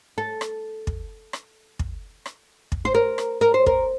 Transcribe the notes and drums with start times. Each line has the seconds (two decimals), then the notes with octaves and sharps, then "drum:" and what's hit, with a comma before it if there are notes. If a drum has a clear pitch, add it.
0.18 A4
0.41 drum: rim click
0.87 drum: kick
1.33 drum: rim click
1.79 drum: kick
2.26 drum: rim click
2.72 drum: kick
2.85 C5
2.95 A#4
3.18 drum: rim click
3.41 A#4
3.54 C5
3.66 A#4, drum: kick